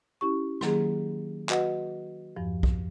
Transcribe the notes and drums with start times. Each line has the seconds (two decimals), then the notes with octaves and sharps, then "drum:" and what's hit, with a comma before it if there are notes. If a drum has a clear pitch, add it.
0.21 C#4 E4 G4 C#6
0.61 D#3 F#3 A#3 G#4, drum: rim click
1.49 F#4 B4 D#5 F#5, drum: clap
2.36 E2 G2 F3
2.63 drum: kick B1